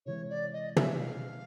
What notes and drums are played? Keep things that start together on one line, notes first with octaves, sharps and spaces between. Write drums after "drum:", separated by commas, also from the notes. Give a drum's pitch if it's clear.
C3 E3 G#3 C#5
D5
D#5
E5, drum: tom
F5